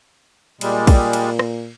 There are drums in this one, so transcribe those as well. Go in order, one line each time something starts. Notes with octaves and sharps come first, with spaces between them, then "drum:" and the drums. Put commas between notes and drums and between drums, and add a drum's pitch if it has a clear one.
A#2 G3 G#3, drum: cymbal
drum: kick, cymbal
drum: cymbal
drum: rim click